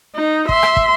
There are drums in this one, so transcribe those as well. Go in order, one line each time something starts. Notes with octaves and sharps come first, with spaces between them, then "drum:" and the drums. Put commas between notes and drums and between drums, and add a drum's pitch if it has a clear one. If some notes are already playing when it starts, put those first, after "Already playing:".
D#4
E5 C6, drum: kick
drum: rim click
drum: kick